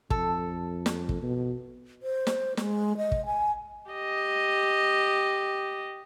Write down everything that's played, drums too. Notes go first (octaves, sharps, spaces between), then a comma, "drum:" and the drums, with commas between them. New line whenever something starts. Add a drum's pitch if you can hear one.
F2 A4, drum: kick
drum: snare
drum: kick
B2
C5
drum: snare
G#3, drum: snare
D#5
drum: kick
G#5
G4 D#5